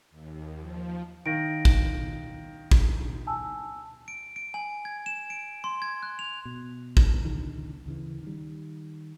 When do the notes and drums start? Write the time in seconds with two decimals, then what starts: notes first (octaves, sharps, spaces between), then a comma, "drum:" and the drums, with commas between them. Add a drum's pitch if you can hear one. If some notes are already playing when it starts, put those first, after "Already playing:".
0.11 D#2
0.59 F3
1.26 D#3 F5 A#6 D7
1.65 drum: kick
2.71 drum: kick
3.27 G#5 A5 E6
4.08 D7
4.36 D7
4.54 G#5
4.85 G#6
5.06 E7
5.30 D7
5.64 C6
5.82 G#6
6.03 F#6
6.19 F7
6.45 B2
6.97 drum: kick
7.25 C#2 D3 D#3
7.86 D2 C#3 E3
8.23 D#3 G3